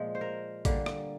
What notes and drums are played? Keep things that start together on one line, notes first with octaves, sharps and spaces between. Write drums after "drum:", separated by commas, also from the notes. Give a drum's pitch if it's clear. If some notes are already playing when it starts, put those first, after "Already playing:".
Already playing: A#2 F3 G#3
C5
A#4
D3 G3 A#3, drum: kick A1, hi-hat
drum: rim click